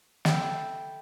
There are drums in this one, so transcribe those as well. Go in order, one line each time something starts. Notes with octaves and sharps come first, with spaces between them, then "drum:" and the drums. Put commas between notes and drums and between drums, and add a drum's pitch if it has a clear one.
A4 E5 G5 B5 E6, drum: snare